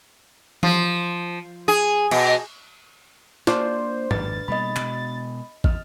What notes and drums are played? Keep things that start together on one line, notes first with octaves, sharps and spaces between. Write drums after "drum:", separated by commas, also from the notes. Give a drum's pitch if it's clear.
F3, drum: tom E3
G#4
B2, drum: cymbal
A#3 D4 F4 C5, drum: snare
G#1 F2 B4 A6, drum: tom G#2
B2 G3 A#3 D#5 B5
B2 G#3, drum: clap
E2 D#5 F6, drum: kick